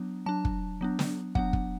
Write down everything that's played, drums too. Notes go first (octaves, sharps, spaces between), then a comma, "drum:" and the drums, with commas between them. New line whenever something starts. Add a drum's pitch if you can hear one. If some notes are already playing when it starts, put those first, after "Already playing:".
Already playing: F#3 B3 D4
F#3 D4 A5
drum: kick
F#3 B3 D4
drum: snare
F#3 B3 D4 F#5, drum: kick
drum: kick